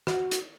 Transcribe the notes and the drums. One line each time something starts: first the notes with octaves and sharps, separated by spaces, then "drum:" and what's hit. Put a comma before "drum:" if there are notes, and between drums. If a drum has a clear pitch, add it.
F#4, drum: rim click
drum: hi-hat